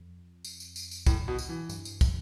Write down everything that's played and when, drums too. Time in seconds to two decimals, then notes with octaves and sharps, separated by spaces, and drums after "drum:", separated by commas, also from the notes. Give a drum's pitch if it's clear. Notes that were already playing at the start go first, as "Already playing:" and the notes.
Already playing: F2
0.45 drum: tambourine
0.60 drum: tambourine
0.76 drum: tambourine
0.91 drum: tambourine
1.07 A2, drum: kick, tambourine
1.28 B2
1.38 drum: tambourine
1.49 E3
1.69 G2, drum: tambourine
1.85 drum: tambourine
2.01 drum: kick, tambourine